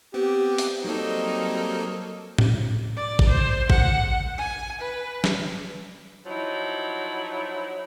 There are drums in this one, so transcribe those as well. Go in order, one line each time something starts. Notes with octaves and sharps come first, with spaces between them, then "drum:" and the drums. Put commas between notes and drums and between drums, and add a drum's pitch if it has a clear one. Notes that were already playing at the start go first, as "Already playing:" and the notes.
B3 C4 G4
drum: open hi-hat
F#3 G3 A#3 C4 D#4 A4
drum: tom A2
D5
drum: kick A1
C5
F#5, drum: kick A1
G#5
B4
drum: snare
F3 F#3 D#4 E4